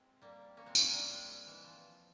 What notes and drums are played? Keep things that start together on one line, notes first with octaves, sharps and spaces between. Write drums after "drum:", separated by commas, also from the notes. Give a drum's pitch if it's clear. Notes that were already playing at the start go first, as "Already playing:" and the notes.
Already playing: G#3 C4
G3 A#3
A#3 C#4
G#3 C4
A#3 C#4, drum: tambourine
G#3 C4
G3 A#3
G#3
G3
E3
F3